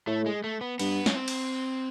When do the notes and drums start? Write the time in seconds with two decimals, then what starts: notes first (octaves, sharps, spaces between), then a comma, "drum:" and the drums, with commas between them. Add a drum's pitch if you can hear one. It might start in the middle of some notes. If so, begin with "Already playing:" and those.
0.07 A2 A3
0.26 G#3
0.44 A3
0.61 B3
0.79 G2 B3, drum: cymbal
1.06 C#4, drum: snare
1.16 C4
1.28 drum: cymbal